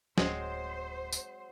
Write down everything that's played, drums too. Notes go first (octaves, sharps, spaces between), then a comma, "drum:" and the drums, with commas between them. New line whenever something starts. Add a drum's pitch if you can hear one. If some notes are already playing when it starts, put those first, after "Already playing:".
D1 F#3 G#3 C4 C5, drum: snare
drum: tambourine